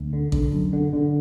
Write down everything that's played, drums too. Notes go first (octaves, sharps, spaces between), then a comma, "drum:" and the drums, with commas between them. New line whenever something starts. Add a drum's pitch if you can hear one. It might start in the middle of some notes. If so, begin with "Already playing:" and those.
Already playing: D2
D3
D3, drum: kick A1
F#2
D3
D3